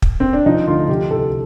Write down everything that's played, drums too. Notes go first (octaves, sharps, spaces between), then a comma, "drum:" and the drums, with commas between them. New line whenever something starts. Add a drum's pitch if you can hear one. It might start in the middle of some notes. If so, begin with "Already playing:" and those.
drum: kick
C4
D4
F3 D#4
D2 F4
F3 G4
C2 A4